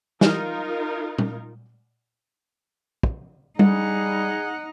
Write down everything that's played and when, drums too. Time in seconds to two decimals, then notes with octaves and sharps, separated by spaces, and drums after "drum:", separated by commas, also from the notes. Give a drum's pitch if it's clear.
0.21 E3 G3 D#4 F4 A#4 F6, drum: snare
1.18 drum: tom
3.03 drum: kick
3.59 G3 D#4 G#4 F#5, drum: tom G3